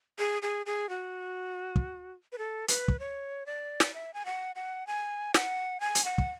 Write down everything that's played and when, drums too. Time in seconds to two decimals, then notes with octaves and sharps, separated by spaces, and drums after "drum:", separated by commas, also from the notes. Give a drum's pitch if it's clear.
0.19 G#4
0.42 G#4
0.66 G#4
0.89 F#4
1.76 drum: kick
2.32 B4
2.38 A4
2.68 B4, drum: hi-hat
2.88 drum: kick
2.99 C#5
3.46 D5
3.80 drum: snare
3.94 E5
4.14 G#5
4.25 F#5
4.56 F#5
4.87 G#5
5.34 F#5, drum: snare
5.80 G#5
5.95 drum: hi-hat
6.04 F#5
6.18 drum: kick